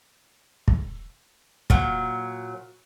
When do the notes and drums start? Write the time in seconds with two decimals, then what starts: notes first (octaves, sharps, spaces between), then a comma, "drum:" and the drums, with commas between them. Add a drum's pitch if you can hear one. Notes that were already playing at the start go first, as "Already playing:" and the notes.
0.68 drum: kick
1.70 A#2 F#3, drum: kick